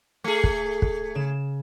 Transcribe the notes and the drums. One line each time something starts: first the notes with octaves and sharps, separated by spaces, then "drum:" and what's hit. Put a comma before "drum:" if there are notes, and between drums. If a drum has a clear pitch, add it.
A3 G#4 C#7
drum: kick
drum: kick
C#3 E7